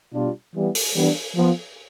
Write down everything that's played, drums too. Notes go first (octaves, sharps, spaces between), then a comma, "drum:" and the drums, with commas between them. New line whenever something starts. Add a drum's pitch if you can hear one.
B2 G3 D4 F4
E3 G3 B3
drum: open hi-hat
E3 G3 B3 D4
F3 B3 F4